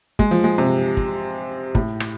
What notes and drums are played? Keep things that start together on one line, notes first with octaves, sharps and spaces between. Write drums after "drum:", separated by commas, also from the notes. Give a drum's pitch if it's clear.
G#3, drum: kick
F3
G#3
C3
drum: kick
A2, drum: kick
drum: rim click